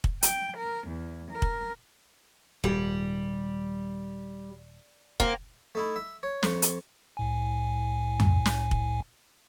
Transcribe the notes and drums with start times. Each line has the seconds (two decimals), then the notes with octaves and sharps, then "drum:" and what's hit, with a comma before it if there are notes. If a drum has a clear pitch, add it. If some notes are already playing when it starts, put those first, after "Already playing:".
0.04 drum: kick
0.23 G5, drum: hi-hat
0.57 A#4
0.88 E2
1.30 A#4
1.42 drum: kick
2.64 D#1 G#2 G3
5.20 A#3 C4, drum: kick
5.75 A3 D#4 E4
5.96 E5
6.23 C#5
6.43 F2 C#6, drum: snare
6.62 drum: hi-hat
7.17 C2 A2 G#5
8.20 drum: tom F2
8.46 drum: snare
8.71 drum: kick